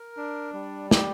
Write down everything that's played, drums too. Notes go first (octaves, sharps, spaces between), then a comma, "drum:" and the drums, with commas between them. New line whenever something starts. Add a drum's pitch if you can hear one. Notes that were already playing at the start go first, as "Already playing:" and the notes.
Already playing: A#4
D4
G3
G4, drum: snare